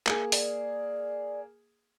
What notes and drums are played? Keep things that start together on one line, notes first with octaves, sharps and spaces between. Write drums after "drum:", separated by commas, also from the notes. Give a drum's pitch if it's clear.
A#3 G#4, drum: clap
D5, drum: open hi-hat